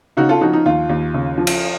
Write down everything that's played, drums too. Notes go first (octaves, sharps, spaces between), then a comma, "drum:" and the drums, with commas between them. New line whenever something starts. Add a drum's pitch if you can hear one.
C#3 D#4 F#4
F4 A4
F3 D#4 F#4
D#4
D#2 F4
D#2
C#3
F3
drum: cymbal